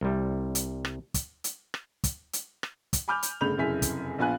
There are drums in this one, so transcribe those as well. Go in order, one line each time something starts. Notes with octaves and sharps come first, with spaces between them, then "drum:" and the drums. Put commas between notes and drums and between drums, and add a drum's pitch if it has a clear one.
C2 G3
drum: hi-hat
drum: rim click
drum: kick, hi-hat
drum: hi-hat
drum: rim click
drum: kick, hi-hat
drum: hi-hat
drum: rim click
drum: kick, hi-hat
G#5 B5 D6 F6 G6 F7
drum: hi-hat
G1 C#3 A3 B5 G6 F7
F1 F#2 C#3 E4 G#5 B6
drum: kick, hi-hat
A#1 B3 F4 G#5 F#6